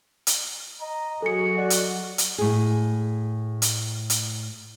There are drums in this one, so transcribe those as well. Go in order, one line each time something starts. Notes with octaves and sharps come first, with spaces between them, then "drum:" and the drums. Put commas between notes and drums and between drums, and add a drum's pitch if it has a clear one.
drum: hi-hat
D#5 A#5
F#3 F#4 G#4 A4 C#7
D5 F#5
drum: hi-hat
drum: hi-hat
A2 G#4
drum: hi-hat
drum: hi-hat